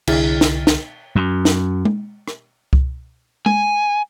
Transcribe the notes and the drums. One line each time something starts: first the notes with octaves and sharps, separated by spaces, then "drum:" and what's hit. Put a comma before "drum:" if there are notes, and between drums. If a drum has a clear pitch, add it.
C2 D3 E4 G#4 F6 A6, drum: cymbal
drum: snare
drum: snare
F#2
drum: snare
drum: tom G#3
drum: rim click
drum: kick C2
G#5, drum: tom G#3